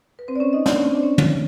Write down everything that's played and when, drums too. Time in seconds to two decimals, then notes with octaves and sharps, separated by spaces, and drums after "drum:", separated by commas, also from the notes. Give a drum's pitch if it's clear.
0.19 B4
0.28 C4 C5
0.36 D5
0.40 C#4 C#5
0.53 D#4 D#5
0.66 D4 D5, drum: snare
0.75 C#4 C#5
0.85 C4 C5
0.94 D4 D5
1.03 C#4 C#5
1.18 drum: tom